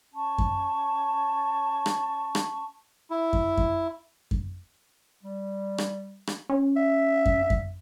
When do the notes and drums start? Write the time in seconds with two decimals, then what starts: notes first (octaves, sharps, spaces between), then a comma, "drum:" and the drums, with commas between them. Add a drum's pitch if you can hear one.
0.14 C#4 A5 C#6
0.38 drum: kick F#2
1.86 drum: rim click
2.35 drum: rim click
3.10 E4
3.33 drum: kick F#2
3.57 drum: kick F#2
4.31 drum: kick F#2
5.23 G3
5.78 drum: rim click
6.27 drum: rim click
6.50 C#4
6.76 E5
7.26 drum: kick F#2
7.50 drum: kick F#2